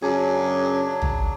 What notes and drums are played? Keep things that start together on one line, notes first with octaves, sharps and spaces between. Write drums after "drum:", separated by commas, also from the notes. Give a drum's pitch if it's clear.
F#2 C#3 F#3 D4 G#4
drum: tom